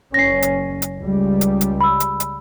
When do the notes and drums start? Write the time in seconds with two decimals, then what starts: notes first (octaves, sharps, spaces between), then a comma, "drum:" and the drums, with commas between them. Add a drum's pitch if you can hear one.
0.14 F#1 C#4 A#6 C7
0.42 drum: hi-hat
0.82 drum: hi-hat
0.98 C#2 G3
1.41 drum: hi-hat
1.61 drum: hi-hat
1.80 B5 E6
2.00 drum: hi-hat
2.20 drum: hi-hat